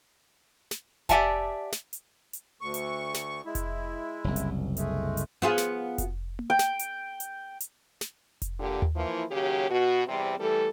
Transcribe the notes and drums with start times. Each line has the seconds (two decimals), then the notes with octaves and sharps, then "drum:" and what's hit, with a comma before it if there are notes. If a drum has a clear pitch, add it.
0.71 drum: snare
1.09 G4 D5 E5 F#5 G#5 A5, drum: kick F1, hi-hat
1.72 drum: snare
1.93 drum: hi-hat
2.33 drum: hi-hat
2.61 D2 C#6
2.74 drum: hi-hat
3.14 drum: snare
3.46 G#3 E4
3.55 drum: kick F1, hi-hat
4.24 F#1 C2
4.36 drum: hi-hat
4.77 G#3 A3, drum: hi-hat
5.17 drum: hi-hat
5.42 B3 F4 G#4
5.58 drum: snare
5.98 drum: kick F1, hi-hat
6.39 drum: tom A#3
6.50 G5
6.59 drum: snare
6.79 drum: hi-hat
7.20 drum: hi-hat
7.60 drum: hi-hat
8.01 drum: snare
8.42 drum: kick F1, hi-hat
8.59 A#2 D3 A#3 G4
8.82 drum: tom D#2
8.95 E3 F3 A#3 E4
9.31 D#2 C#3 F#3 G4
9.70 B2 F#4
10.07 E2 C3 G3 C4
10.39 E3 G3 A3 A4